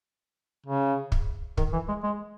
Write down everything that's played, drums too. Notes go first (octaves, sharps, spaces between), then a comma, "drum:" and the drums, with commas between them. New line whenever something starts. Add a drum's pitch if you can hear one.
C#3
drum: kick
D#3, drum: kick
E3
G#3
G#3